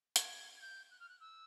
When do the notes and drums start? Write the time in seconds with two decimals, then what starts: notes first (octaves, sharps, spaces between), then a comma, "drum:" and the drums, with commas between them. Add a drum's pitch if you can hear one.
0.16 G#6, drum: hi-hat
0.56 G#6
0.61 G6
0.91 F#6
1.00 F6
1.09 F#6
1.20 E6